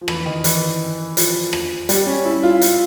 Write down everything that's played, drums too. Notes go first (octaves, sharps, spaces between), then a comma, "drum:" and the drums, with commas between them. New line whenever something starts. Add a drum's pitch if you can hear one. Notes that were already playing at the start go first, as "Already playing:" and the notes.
F3
E3, drum: rim click
D#3
E3, drum: hi-hat
F3, drum: hi-hat
drum: rim click
G3, drum: hi-hat
C#4
E4
F4
drum: hi-hat